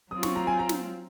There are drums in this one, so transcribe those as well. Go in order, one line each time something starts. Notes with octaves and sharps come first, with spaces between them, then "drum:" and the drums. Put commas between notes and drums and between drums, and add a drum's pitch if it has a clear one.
F#3 C4 F4 D#6
C#6, drum: snare
A#5
G#5
A#5
drum: snare